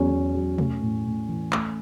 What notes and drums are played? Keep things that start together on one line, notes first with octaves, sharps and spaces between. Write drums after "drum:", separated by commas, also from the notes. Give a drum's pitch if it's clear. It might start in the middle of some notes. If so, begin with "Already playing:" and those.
Already playing: E2 F#3 C#4
E2
F#3
A3, drum: tom B2
A2
A2
E3
A3, drum: clap